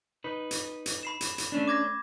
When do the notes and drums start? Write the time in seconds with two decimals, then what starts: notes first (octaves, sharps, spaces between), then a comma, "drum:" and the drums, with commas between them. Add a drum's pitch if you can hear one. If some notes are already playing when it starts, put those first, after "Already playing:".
0.24 D#4 B4
0.51 drum: hi-hat
0.86 drum: hi-hat
1.03 B5 C7 E7
1.21 drum: hi-hat
1.38 drum: hi-hat
1.52 A3 C#4 D4
1.68 D6 G#6 A#6